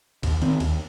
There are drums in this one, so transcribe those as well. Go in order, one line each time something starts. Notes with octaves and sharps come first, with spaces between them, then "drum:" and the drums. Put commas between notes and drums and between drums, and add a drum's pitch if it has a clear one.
D#2, drum: kick C2, cymbal
D#3 C4, drum: cymbal
D#2, drum: cymbal